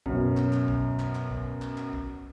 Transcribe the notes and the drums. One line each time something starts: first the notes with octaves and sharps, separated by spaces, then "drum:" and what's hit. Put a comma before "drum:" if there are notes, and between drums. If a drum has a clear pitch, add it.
F#2 B2 C#4, drum: kick
drum: clap
drum: clap
drum: kick
drum: clap
drum: clap
drum: kick
drum: clap
drum: clap
drum: kick